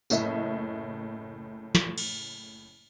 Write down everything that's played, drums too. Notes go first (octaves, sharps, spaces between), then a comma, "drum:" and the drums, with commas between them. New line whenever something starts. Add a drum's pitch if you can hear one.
F#1 A2 D#5 E5, drum: tambourine
drum: snare
drum: cymbal